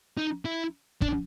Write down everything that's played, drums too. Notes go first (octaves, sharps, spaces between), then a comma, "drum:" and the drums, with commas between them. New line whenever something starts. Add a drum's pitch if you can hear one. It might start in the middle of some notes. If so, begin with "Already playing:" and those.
D#4
E4
D4, drum: kick